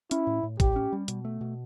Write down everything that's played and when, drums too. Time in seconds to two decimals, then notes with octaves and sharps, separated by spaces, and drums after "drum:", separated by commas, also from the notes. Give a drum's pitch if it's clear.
0.11 C#4 E4, drum: hi-hat
0.27 A2
0.43 A2
0.60 A2 G4, drum: kick, hi-hat
0.76 C#4
0.93 G3
1.08 B2, drum: hi-hat
1.25 A3
1.41 B2